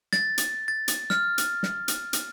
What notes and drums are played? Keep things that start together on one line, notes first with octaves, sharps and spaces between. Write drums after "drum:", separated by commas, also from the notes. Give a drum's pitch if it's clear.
A6, drum: snare
drum: hi-hat
A6
drum: hi-hat
F6, drum: snare
drum: hi-hat
drum: snare
drum: hi-hat
drum: hi-hat